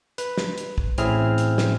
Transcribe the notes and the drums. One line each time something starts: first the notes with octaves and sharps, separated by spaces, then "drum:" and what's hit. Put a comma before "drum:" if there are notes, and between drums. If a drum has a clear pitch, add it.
B4, drum: hi-hat
drum: snare
drum: hi-hat
drum: kick
A1 A2 C4 E4 G#4 F6, drum: hi-hat
drum: hi-hat
drum: snare